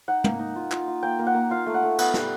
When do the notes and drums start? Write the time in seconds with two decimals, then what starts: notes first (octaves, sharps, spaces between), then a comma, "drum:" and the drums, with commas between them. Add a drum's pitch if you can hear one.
0.08 D#4 F#5
0.24 A#3, drum: tom
0.39 D#4
0.56 F4
0.72 F4, drum: clap
0.88 F4
1.03 A#3 G5
1.19 A#3
1.27 F#5
1.34 A#3
1.50 F4 F5
1.66 A3
1.74 F#5
1.83 A3
1.98 B3 F#5, drum: cymbal
2.14 G3, drum: snare